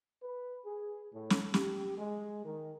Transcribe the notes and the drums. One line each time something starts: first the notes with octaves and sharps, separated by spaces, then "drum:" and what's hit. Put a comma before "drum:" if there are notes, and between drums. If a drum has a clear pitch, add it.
B4
G#4
A2
drum: snare
G4, drum: snare
G#3
D#3